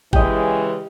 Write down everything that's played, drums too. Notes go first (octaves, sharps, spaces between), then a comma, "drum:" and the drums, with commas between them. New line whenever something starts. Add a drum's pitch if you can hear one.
C#3 E3 G#3 G4 D#5, drum: kick G#1